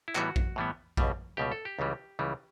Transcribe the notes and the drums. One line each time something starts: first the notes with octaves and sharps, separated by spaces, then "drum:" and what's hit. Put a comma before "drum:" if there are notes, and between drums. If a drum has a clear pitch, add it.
E4
A2 E3 G3 B3 F#4, drum: clap
drum: kick A#1
A2 E3 G3 B3
C#2 B2 G3, drum: kick A#1
C#2 B2 G3 G4
A4
G4
C#2 C#3 E3 G3
C#2 C#3 E3 G3